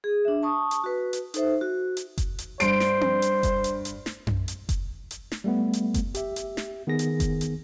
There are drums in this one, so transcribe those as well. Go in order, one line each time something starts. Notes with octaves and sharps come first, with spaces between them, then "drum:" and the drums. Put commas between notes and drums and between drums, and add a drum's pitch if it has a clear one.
G#4
D4 E5
A5 C#6 D#6
drum: hi-hat
F#4 B4
drum: hi-hat
D#4 A4 C5 E5, drum: hi-hat
F#4
drum: hi-hat
drum: kick F#1, hi-hat
drum: hi-hat
G2 C5 C7 D7, drum: hi-hat
drum: snare
drum: tom C4
drum: hi-hat
drum: kick F#1, hi-hat
drum: hi-hat
drum: hi-hat
drum: snare
drum: tom F#2
drum: hi-hat
drum: kick F#1, hi-hat
drum: hi-hat
drum: snare
G3 A3 B3
drum: hi-hat
drum: kick F#1, hi-hat
G4 E5, drum: hi-hat
drum: hi-hat
drum: snare
D#3 B3 G#4 A#6
drum: hi-hat
drum: kick F#1, hi-hat
drum: hi-hat